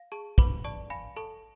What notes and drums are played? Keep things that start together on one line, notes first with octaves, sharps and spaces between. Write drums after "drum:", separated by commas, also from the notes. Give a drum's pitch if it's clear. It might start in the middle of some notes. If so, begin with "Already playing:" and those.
Already playing: F5
G#4 A5 C#6
B4 B5 D6, drum: kick
D5 A5 C#6
F5 G#5 B5
A4 A5 C#6